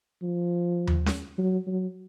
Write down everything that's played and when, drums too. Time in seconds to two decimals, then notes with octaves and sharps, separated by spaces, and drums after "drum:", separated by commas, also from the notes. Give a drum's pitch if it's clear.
0.22 F3
0.87 drum: tom D#2
1.06 drum: snare C#4
1.38 F#3
1.67 F#3